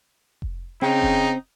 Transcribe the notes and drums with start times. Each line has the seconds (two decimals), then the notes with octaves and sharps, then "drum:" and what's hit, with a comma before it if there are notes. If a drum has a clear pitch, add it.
0.42 drum: kick F1
0.82 C#3 C4 D#4 G5
1.02 drum: kick F1